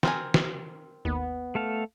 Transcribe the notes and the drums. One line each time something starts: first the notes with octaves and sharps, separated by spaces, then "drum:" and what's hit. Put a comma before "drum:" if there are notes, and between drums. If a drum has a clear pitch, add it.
C4 A#4 G#5, drum: snare
drum: snare
G#1 D#2 B3
A3 A4 F5